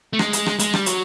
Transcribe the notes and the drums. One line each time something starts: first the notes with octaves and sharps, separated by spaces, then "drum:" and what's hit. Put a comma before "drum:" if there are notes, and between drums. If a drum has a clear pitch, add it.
A3
G#3, drum: rim click
drum: hi-hat
drum: rim click
G#3, drum: hi-hat
G3, drum: rim click
F#3, drum: hi-hat